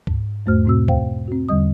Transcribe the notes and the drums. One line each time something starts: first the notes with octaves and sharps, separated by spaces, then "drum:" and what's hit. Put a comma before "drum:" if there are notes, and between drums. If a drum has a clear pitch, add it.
G#2, drum: kick C#2
E2 G#2 A3 F#4 C5 F6
G#2 B2 C4 F#4 E6
C5 F5 G5, drum: kick C#2
C4 F#4
E2 D3 G3 D#5 D#6